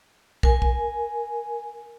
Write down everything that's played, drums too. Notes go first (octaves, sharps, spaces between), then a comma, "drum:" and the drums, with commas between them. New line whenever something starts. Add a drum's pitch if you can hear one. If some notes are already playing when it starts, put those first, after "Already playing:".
A#4 G#5, drum: kick
drum: kick